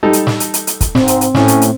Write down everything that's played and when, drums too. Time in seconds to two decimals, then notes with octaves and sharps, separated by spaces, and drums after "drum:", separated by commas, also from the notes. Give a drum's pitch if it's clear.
0.03 G3 D#4 A4
0.13 drum: hi-hat
0.27 drum: snare
0.40 drum: hi-hat
0.54 drum: hi-hat
0.67 drum: hi-hat
0.81 drum: kick, hi-hat
0.95 G#2 C4, drum: snare
1.08 drum: hi-hat
1.21 drum: hi-hat
1.35 A2 C#4, drum: snare
1.48 drum: hi-hat
1.62 drum: hi-hat